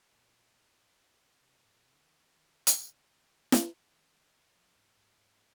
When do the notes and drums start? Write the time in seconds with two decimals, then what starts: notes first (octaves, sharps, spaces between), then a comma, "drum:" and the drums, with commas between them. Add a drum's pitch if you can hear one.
0.15 A#2
1.41 C3
1.65 G#2
1.75 A#2
1.85 C3
1.95 D3
2.04 D#3
2.35 D#3
2.67 D3, drum: hi-hat
3.52 drum: snare
3.93 D#3
4.56 F3
4.76 G#2
4.97 G#2
5.18 G#2